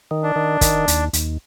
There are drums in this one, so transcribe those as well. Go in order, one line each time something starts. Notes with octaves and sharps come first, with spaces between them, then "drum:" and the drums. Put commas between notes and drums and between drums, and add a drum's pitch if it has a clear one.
D#3
D4
D#3
D#3, drum: kick, hi-hat
D#2, drum: hi-hat
D#2, drum: hi-hat